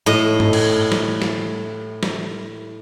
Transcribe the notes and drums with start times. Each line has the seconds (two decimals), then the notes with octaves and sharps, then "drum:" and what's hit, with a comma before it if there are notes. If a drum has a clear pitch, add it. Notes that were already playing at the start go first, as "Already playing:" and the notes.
0.06 A2 D#5
0.40 drum: tom
0.53 drum: cymbal
0.92 drum: snare
1.22 drum: snare
2.03 drum: snare